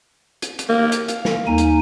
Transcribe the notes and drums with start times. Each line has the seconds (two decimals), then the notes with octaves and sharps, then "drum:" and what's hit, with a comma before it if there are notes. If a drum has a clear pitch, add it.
0.42 drum: hi-hat
0.59 drum: hi-hat
0.69 A#3
0.92 drum: hi-hat
1.08 F5, drum: hi-hat
1.25 drum: snare
1.47 D#2 D#4 G#5
1.58 drum: hi-hat